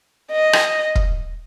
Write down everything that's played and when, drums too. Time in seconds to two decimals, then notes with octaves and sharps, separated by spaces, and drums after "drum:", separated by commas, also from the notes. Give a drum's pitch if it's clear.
0.32 D#5
0.53 drum: rim click
0.95 drum: kick